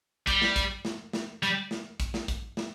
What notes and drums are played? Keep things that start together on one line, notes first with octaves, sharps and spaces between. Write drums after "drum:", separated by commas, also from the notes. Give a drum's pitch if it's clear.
G3, drum: kick, hi-hat
drum: snare
drum: kick, hi-hat
drum: snare
drum: snare
G3, drum: hi-hat
drum: snare
drum: kick, hi-hat
drum: snare
drum: kick, hi-hat
drum: snare